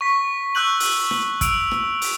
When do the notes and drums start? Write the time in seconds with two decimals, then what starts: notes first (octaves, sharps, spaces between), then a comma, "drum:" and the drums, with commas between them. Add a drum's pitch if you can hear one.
0.01 C#6 B6
0.55 C#6 E6 F#6 G6 F#7
0.80 drum: open hi-hat
1.11 drum: rim click
1.41 E6 D7 F7, drum: kick, hi-hat
1.71 drum: rim click
2.02 drum: open hi-hat